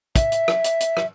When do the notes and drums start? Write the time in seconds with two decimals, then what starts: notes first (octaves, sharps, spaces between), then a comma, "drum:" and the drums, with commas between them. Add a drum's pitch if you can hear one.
0.16 E5, drum: kick, hi-hat
0.32 drum: hi-hat
0.48 drum: rim click
0.64 drum: hi-hat
0.80 drum: hi-hat
0.97 drum: rim click